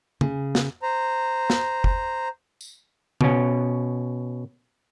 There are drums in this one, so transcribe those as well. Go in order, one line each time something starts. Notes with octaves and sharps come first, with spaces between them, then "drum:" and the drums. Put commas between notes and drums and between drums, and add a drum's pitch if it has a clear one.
C#3, drum: tom C#3
drum: snare
C5 A#5
drum: snare
drum: kick
drum: tambourine
B2 C#4, drum: tom C#3